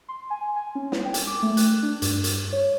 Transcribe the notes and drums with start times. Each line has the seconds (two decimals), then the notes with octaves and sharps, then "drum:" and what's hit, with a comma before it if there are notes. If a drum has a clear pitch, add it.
0.09 C6
0.30 G#5
0.56 G#5
0.75 C#4
0.92 drum: snare
1.05 G5
1.14 drum: hi-hat
1.27 D6
1.43 A3
1.57 F#6, drum: hi-hat
1.83 D4
2.02 G2, drum: hi-hat
2.24 drum: hi-hat
2.53 C#5